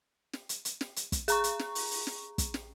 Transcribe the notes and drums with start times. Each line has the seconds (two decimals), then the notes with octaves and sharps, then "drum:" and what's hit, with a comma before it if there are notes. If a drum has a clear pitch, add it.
0.33 drum: snare
0.49 drum: hi-hat
0.65 drum: hi-hat
0.81 drum: snare
0.96 drum: hi-hat
1.12 drum: kick, hi-hat
1.28 G#4 A#5 C#6, drum: hi-hat
1.44 drum: hi-hat
1.59 drum: snare
1.75 drum: open hi-hat
1.91 drum: open hi-hat
2.07 drum: snare
2.38 drum: kick, hi-hat
2.54 drum: snare